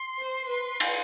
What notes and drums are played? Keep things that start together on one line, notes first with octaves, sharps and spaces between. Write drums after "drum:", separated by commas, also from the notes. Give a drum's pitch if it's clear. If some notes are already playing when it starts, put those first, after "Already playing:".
Already playing: C6
C5
B4
drum: cymbal